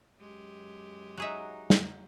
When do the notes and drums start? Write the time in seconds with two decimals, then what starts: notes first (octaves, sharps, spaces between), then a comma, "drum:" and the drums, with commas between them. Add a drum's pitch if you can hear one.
0.19 F#2 G#3 G4
1.18 F#3 D#4 G#4 E5 F#5
1.70 drum: snare